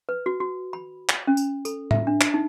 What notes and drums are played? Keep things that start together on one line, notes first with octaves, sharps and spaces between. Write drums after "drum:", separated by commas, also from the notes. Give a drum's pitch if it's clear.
B4
F#4
F#4
B5
drum: clap
C#4
drum: tambourine
A4, drum: tambourine
E5, drum: tom A2
D4
drum: clap
D#4